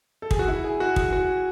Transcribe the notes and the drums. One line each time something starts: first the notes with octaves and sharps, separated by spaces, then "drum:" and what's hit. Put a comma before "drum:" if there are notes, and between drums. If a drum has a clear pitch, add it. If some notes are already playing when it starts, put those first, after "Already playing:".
A4
G#4, drum: kick
F#4
E4
G#4
F#4
G#4, drum: kick
F#4